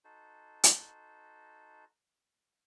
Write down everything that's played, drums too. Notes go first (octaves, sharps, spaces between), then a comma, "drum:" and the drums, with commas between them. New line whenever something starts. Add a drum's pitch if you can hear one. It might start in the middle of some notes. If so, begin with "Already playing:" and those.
D#4 F#4 A4 C5
drum: hi-hat